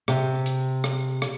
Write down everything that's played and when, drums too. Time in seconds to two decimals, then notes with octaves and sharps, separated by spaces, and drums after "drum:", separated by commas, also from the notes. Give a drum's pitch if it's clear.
0.08 C3, drum: rim click
0.46 drum: hi-hat
0.84 drum: rim click
1.22 drum: rim click